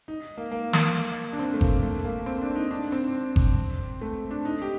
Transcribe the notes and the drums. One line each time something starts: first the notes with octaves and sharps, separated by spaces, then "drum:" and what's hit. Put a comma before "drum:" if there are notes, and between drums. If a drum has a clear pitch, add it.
D#4
A#3
A#3
A#3, drum: snare
D4
C4
A3
A#3, drum: kick G1
A3
A#3
C4
D4
D#4
D4
C4
drum: kick G1
A3
D4
D#4
G4